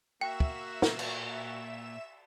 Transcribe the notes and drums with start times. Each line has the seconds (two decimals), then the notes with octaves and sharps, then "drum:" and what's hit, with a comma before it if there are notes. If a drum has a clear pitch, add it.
0.21 A#3 F#4 E5 G5 E7
0.40 drum: kick
0.82 A#2, drum: snare
0.99 drum: cymbal